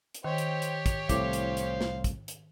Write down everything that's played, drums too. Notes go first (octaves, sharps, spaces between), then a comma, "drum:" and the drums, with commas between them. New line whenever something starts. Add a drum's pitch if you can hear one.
drum: hi-hat
D#3 G4 C5 C#5 G5
drum: hi-hat
drum: hi-hat
drum: kick, hi-hat
C2 A2 C5 F5 D6, drum: kick, hi-hat
drum: hi-hat
drum: hi-hat
drum: snare
drum: kick, hi-hat
drum: hi-hat